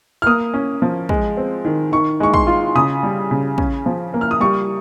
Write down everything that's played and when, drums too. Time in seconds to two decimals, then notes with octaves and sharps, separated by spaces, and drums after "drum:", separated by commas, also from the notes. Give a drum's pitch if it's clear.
0.22 F6
0.26 A#3 D#6
0.54 C#4
0.82 F3
1.09 G#3, drum: kick
1.37 C4
1.65 D#3
1.92 D#3 C#6
2.20 G#3 C#6
2.34 C6, drum: kick
2.47 F4
2.75 C#3 D#6
3.03 G3
3.31 C#3
3.58 C#4, drum: kick
3.86 F3
4.14 A#3
4.21 F6
4.31 D#6
4.40 G3 C#6